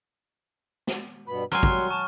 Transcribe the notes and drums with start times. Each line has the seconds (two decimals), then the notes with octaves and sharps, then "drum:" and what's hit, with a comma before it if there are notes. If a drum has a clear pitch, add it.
0.87 drum: snare
1.27 G2 B2 B3 B5
1.52 F#2 F#3 G3 G#5 C6 F6
1.63 drum: kick
1.91 A5 C#6